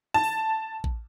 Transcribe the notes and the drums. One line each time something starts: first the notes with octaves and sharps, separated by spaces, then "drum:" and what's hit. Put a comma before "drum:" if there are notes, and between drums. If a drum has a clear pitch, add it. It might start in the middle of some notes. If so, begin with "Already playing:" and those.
A5
drum: open hi-hat
drum: kick A1